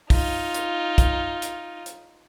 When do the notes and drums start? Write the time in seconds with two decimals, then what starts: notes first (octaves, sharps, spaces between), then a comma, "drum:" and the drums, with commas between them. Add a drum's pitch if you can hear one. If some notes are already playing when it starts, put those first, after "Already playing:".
0.10 D#4 F4, drum: kick, open hi-hat
0.54 drum: hi-hat
0.98 drum: kick, hi-hat
1.42 drum: hi-hat
1.86 drum: hi-hat